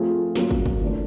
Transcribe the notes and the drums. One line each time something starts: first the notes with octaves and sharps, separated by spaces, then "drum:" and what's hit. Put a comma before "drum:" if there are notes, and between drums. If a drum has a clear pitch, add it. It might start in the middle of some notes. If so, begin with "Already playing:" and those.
Already playing: F3 A3 C4 F4 G#4
F#3 A#3 C#4 F4, drum: snare
drum: kick
drum: kick
E3 A3 D4